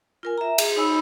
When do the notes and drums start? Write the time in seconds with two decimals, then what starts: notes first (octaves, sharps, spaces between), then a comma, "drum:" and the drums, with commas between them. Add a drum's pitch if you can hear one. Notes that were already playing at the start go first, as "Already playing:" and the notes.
0.23 F4 A#4 G#5
0.38 E5 A#5
0.58 G#4, drum: cymbal
0.76 D#4 C#5 G#5 B5 E6